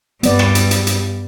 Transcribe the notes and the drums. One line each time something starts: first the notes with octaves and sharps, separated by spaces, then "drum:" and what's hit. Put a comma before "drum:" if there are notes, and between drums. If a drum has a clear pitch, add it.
G2 G3 B3 D5, drum: hi-hat
drum: rim click
drum: hi-hat
drum: hi-hat
drum: hi-hat